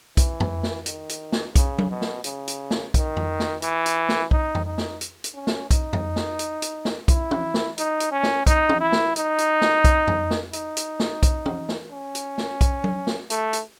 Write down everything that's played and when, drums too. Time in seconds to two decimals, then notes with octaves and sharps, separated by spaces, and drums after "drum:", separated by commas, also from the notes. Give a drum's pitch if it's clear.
0.17 E3, drum: kick B1, hi-hat
0.40 drum: tom F2
0.63 drum: snare
0.86 D#3, drum: hi-hat
1.09 drum: hi-hat
1.32 drum: snare
1.56 C#3, drum: kick B1, hi-hat
1.78 drum: tom F#3
1.90 B2
2.02 drum: snare
2.24 C#3, drum: hi-hat
2.48 drum: hi-hat
2.71 drum: snare
2.94 D#3, drum: kick B1, hi-hat
3.17 drum: tom F2
3.40 drum: snare
3.62 E3, drum: hi-hat
3.86 drum: hi-hat
4.09 drum: snare
4.31 D#4, drum: kick B1
4.55 drum: tom F2
4.66 D#4
4.78 drum: snare
5.01 drum: hi-hat
5.24 drum: hi-hat
5.35 C#4
5.47 drum: snare
5.71 D#4, drum: kick B1, hi-hat
5.93 drum: tom F2
6.16 drum: snare
6.39 drum: hi-hat
6.62 drum: hi-hat
6.85 drum: snare
7.08 E4, drum: kick B1, hi-hat
7.31 drum: tom
7.54 drum: snare
7.78 D#4, drum: hi-hat
8.00 drum: hi-hat
8.12 C#4
8.23 drum: snare
8.47 D#4, drum: kick B1, hi-hat
8.69 drum: tom
8.80 E4
8.92 drum: snare
9.16 D#4, drum: hi-hat
9.38 drum: hi-hat
9.61 drum: snare
9.84 drum: kick B1, hi-hat
10.08 drum: tom F2
10.31 drum: snare
10.53 D#4, drum: hi-hat
10.77 drum: hi-hat
11.00 drum: snare
11.23 drum: kick B1, hi-hat
11.46 drum: tom
11.69 drum: snare
11.92 C#4
12.15 drum: hi-hat
12.38 drum: snare
12.61 drum: kick B1, hi-hat
12.84 drum: tom F#3
13.07 drum: snare
13.30 A3, drum: hi-hat
13.53 drum: hi-hat